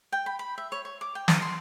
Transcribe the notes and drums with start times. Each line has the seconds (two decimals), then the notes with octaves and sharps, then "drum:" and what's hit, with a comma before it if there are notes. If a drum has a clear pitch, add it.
0.12 G5
0.26 B5
0.39 B5
0.58 E5
0.72 C#5
0.85 C#5
1.01 D6
1.15 G5
1.28 A#5, drum: snare
1.42 C6